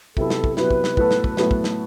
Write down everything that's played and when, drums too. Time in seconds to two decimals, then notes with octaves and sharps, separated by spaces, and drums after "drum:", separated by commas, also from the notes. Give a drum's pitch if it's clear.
0.17 C3 F#3 B3 E4 A4, drum: kick
0.30 drum: snare
0.44 drum: kick
0.57 C3 F#3 B3 E4 B4, drum: snare
0.71 drum: kick
0.84 drum: snare
0.97 A2 F#3 B3 F#4 A4, drum: kick
1.11 drum: snare
1.24 drum: kick
1.37 A2 F#3 B3 F#4 A4, drum: snare
1.51 drum: kick
1.64 drum: snare